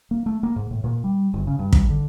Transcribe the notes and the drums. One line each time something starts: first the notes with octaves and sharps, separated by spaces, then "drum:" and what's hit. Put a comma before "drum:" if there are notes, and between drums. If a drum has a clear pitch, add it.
A#3
A3
A#3
G#2
A2
A#2
G3
G1
C#3
G2
drum: kick
D3